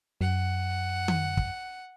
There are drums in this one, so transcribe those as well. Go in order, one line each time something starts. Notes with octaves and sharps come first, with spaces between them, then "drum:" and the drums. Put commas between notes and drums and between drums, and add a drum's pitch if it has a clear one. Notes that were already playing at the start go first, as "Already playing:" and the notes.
F#2 F#5
drum: tom D#3
drum: kick